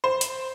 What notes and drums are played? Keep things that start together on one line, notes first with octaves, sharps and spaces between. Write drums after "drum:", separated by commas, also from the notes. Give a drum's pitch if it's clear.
C5
drum: hi-hat